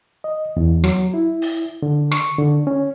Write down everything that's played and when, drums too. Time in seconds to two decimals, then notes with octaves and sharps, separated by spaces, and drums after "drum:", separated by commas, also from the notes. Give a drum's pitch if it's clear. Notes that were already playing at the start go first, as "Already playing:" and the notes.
0.24 D#5
0.57 E2
0.84 F#3, drum: rim click
1.14 E4
1.42 drum: open hi-hat
1.82 D3
2.12 C#6, drum: rim click
2.38 D3
2.67 C#4